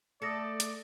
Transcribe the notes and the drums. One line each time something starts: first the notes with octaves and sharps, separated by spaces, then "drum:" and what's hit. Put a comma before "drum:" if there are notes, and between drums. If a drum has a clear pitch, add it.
A3 A4 D5 D#6 A#6 C#7
drum: hi-hat